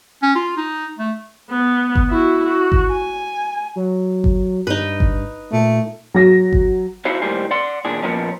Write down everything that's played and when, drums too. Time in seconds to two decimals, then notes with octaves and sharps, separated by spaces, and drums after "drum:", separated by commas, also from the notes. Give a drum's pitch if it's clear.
0.22 C#4
0.35 F4
0.57 D#4
0.99 A3
1.51 B3
1.95 drum: kick G1
2.09 E4 F#4
2.47 F#4
2.72 drum: kick G1
2.91 G#5
3.76 F#3
4.24 drum: kick G1
4.67 G2 D#4 B4
5.00 drum: kick G1
5.52 A#2 A3
6.14 F#3 A#6
6.53 drum: kick G1
7.05 D#4 E4 F#4 C5 F5
7.22 D#2 A2 D#3 G3 C5 G#5
7.51 D5 F#5 C6
7.85 D#2 A#2 D4 G#4
8.03 A#2 F3 A#3 B3 C#4 D#4